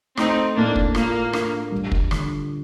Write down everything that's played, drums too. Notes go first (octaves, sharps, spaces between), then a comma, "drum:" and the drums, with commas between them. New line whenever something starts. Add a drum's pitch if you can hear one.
A3 C4 D#4, drum: rim click
A2 A#3 D4
drum: kick
A#3 F4, drum: rim click
D4, drum: rim click
G3
drum: kick
D3, drum: rim click